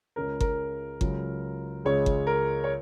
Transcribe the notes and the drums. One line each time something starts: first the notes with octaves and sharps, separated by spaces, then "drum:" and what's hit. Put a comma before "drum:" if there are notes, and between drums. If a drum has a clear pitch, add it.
C#2 C#3 G#3 C#4 A#4
A#4, drum: kick G1
C#2 C#3 F#3 C#4, drum: kick G1
C#2 C#3 G#3 C#4 C#5
drum: kick G1
A#4
C#5